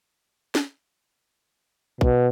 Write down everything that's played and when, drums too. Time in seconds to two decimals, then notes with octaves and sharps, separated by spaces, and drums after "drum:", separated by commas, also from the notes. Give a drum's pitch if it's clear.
0.55 drum: snare
2.01 B2, drum: kick